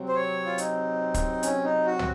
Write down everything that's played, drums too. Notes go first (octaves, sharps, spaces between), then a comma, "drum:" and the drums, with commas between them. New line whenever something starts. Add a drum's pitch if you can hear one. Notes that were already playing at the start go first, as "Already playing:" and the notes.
Already playing: C3 F#3 C4
C5
C#5
F4
D#4, drum: hi-hat
drum: kick, hi-hat
C#4, drum: hi-hat
D#4
F#4
drum: tom